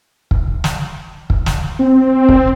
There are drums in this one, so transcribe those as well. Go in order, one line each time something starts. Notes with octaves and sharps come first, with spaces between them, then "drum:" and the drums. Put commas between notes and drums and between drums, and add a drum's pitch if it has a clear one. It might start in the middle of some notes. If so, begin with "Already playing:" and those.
drum: kick
drum: snare
drum: kick
drum: snare
C4
drum: kick